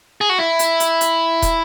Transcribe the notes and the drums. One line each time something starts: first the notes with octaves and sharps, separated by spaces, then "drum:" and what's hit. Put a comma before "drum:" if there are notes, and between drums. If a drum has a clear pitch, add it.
G#4
F#4
E4
drum: hi-hat
drum: hi-hat
drum: hi-hat
drum: kick, hi-hat